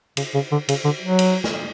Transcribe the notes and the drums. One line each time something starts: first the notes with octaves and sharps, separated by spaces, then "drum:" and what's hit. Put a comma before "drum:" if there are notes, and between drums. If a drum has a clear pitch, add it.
C#3, drum: cymbal
C#3
D3
C#3, drum: cymbal
D3
F#3
drum: cymbal
drum: snare